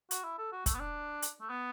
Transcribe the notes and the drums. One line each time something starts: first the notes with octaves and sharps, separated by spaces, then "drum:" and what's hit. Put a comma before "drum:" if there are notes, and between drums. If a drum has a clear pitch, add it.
F#4, drum: hi-hat
E4
A4
F#4
A3, drum: kick, hi-hat
B3
D4
drum: hi-hat
A3
B3